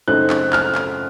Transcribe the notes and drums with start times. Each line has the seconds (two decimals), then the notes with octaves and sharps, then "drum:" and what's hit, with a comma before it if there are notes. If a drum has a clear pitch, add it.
0.08 F#2 C#3 A3 C4 D#4 F#6
0.30 drum: clap
0.53 F6, drum: clap
0.75 drum: clap